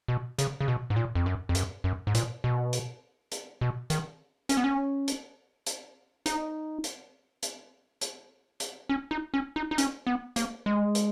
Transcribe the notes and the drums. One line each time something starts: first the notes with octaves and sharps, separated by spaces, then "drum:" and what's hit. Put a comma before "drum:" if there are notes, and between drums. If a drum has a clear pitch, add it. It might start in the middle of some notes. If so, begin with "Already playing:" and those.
B2
C#3, drum: hi-hat
C#3
B2
G#2
A#2
F2
F#2
F2
F#2, drum: hi-hat
F#2
G#2
A#2, drum: hi-hat
B2
drum: hi-hat
drum: hi-hat
B2
D#3, drum: hi-hat
C#4, drum: hi-hat
B3
C#4
drum: hi-hat
drum: hi-hat
D#4, drum: hi-hat
drum: hi-hat
drum: hi-hat
drum: hi-hat
drum: hi-hat
C#4
D#4
C#4
D#4
D#4
C#4, drum: hi-hat
B3
A#3, drum: hi-hat
G#3
drum: hi-hat